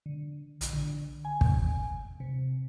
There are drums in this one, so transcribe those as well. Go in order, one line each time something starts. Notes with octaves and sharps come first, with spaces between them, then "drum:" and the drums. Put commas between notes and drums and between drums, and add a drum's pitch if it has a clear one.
D3
A#1, drum: hi-hat
D3
G#5
drum: kick
C3